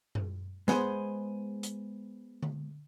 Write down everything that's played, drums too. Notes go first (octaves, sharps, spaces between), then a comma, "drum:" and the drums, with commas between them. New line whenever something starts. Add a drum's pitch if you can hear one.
drum: tom F#2
G#3 B3 G#4 C5, drum: snare
drum: hi-hat
drum: tom D3